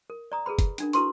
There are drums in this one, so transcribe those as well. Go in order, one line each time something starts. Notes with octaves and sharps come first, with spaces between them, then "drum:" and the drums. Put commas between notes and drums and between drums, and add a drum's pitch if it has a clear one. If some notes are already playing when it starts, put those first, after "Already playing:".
A#4
D5 A#5 D#6
G#4 A4 B4 B5
drum: kick F#1, hi-hat
C#4 D4 A#4, drum: hi-hat
E4 F#4 A4 B4 C6 C#6, drum: hi-hat